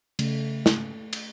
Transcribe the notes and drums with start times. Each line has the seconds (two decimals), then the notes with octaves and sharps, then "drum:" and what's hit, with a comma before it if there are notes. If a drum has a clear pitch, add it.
0.19 C#3 A3, drum: cymbal
0.66 drum: snare
1.13 drum: cymbal